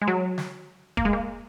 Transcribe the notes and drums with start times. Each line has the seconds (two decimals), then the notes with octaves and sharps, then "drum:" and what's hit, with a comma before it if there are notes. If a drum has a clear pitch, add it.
0.02 G#3
0.08 F#3
0.38 drum: snare
0.97 A#3, drum: kick
1.05 G#3
1.13 A#3